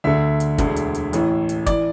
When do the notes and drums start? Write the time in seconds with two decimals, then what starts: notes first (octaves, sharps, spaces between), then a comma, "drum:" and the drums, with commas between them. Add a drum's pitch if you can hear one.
0.04 D2 D3 E5
0.40 drum: hi-hat
0.58 E1 D2 D3, drum: kick, hi-hat
0.76 drum: hi-hat
0.95 drum: hi-hat
1.13 A1 A2 E3, drum: hi-hat
1.49 drum: hi-hat
1.66 E3 D5, drum: kick, hi-hat